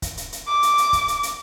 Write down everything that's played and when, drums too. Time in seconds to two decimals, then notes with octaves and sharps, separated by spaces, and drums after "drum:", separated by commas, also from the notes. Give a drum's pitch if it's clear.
0.02 drum: kick, hi-hat
0.17 drum: hi-hat
0.32 drum: hi-hat
0.48 D6
0.63 drum: hi-hat
0.78 drum: hi-hat
0.93 drum: kick, hi-hat
1.08 drum: hi-hat
1.23 drum: hi-hat